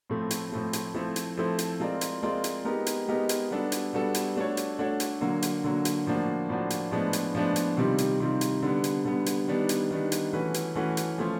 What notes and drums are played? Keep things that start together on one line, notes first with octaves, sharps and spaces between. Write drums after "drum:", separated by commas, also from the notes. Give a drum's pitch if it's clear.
A2 F3 A3 C4
drum: hi-hat
A2 F3 A3 C4
drum: hi-hat
F3 A3 C4 E4 A4
drum: hi-hat
F3 A3 C4 E4 A4
drum: hi-hat
G#3 C4 F4 A#4 D5
drum: hi-hat
G#3 C4 F4 A#4 D5
drum: hi-hat
G#3 B3 D#4 G4 A#4
drum: hi-hat
G#3 B3 D#4 G4 A#4
drum: hi-hat
G3 B3 D4 F#4 A4
drum: hi-hat
G3 B3 D4 F#4 A4
drum: hi-hat
A3 D4 F#4 A4 C#5
drum: hi-hat
A3 D4 F#4 A4 C#5
drum: hi-hat
D3 F#3 A#3
drum: hi-hat
D3 F#3 A#3
drum: hi-hat
A2 F3 A#3 D4 F#4
A2 F3 A#3 D4 F#4
drum: hi-hat
A2 F3 G#3 B3 D4
drum: hi-hat
A2 F3 G#3 B3 D4
drum: hi-hat
C3 D#3 G3 C4 F4
drum: hi-hat
C3 D#3 G3 C4 F4
drum: hi-hat
D3 G3 B3
drum: hi-hat
D3 G3 B3
drum: hi-hat
D#3 G3 B3 D4
drum: hi-hat
D#3 G3 B3 D4
drum: hi-hat
E3 A3 C#4 F#4 B4
drum: hi-hat
E3 A3 C#4 F#4 B4
drum: hi-hat
F3 A3 C#4 F4